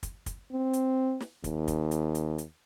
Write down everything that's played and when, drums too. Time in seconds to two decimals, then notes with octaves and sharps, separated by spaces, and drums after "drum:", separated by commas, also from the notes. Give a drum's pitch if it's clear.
0.03 drum: kick, hi-hat
0.26 drum: kick, hi-hat
0.52 C4
0.73 drum: hi-hat
1.20 drum: snare
1.44 D#2, drum: kick, hi-hat
1.68 drum: kick, hi-hat
1.91 drum: hi-hat
2.15 drum: hi-hat
2.38 drum: hi-hat